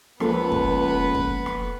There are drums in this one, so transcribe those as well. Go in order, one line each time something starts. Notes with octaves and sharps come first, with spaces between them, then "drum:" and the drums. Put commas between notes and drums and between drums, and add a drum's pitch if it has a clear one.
C#2 F3 A#3 B3 A4 B4, drum: rim click
drum: kick
drum: kick
drum: rim click